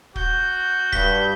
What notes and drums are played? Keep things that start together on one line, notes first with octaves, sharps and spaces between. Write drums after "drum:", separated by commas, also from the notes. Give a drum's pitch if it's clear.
F#4 G6, drum: kick
G2 B6 G7, drum: kick